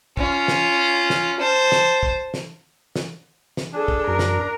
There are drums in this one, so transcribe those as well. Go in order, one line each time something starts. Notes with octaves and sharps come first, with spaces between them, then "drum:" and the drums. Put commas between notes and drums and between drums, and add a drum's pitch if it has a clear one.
C#4 F4, drum: kick
drum: snare
drum: snare
C5 A5
drum: snare
drum: kick
drum: snare
drum: snare
drum: snare
D4 G#4 A4
drum: kick
F#2 A#4
drum: snare